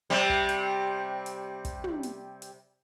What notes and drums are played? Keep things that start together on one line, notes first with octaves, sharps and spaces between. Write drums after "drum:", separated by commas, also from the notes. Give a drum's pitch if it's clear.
C3 G3
drum: kick
drum: hi-hat
drum: hi-hat
drum: kick, hi-hat
drum: tom
drum: hi-hat
drum: hi-hat